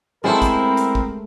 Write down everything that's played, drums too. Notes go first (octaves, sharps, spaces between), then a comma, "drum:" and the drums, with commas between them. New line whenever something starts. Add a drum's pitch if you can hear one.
G#3 A3 B3 C4 E4 A#4 C5
drum: kick, hi-hat
drum: hi-hat
drum: kick